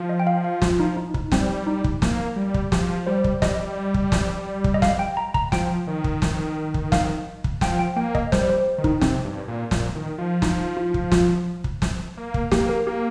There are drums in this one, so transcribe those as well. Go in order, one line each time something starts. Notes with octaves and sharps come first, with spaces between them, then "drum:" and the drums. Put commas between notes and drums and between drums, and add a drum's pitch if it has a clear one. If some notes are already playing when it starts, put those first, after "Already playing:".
Already playing: F3
D#5
G5
F5
F5
F4, drum: snare
D#4
D#4
D#4, drum: kick
G3 C4, drum: snare
D#4
drum: kick
A#3, drum: snare
G3
drum: kick
F3 G4, drum: snare
G3 C5
drum: kick
G3 D#5, drum: snare
drum: kick
drum: snare
drum: kick
D#5
F5, drum: snare
G5
A#5
A#5, drum: kick
F3 G5, drum: snare
D#3
drum: kick
drum: snare
drum: kick
F5, drum: snare
drum: kick
F3 G5, drum: snare
G5
A#3 G5
D#5, drum: kick
G3 C5, drum: snare
C5
D#3
D#4, drum: kick
C3 C4, drum: snare
G2
A#2
A#2, drum: snare
D#3
F3
D#4, drum: snare
F4
drum: kick
F4, drum: snare
drum: kick
drum: snare
A#3
drum: kick
A#3 G4, drum: snare
A#4
A#3 G4